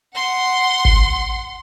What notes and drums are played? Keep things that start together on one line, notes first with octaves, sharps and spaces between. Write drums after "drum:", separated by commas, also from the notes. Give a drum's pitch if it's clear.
F#5 C6
drum: kick G1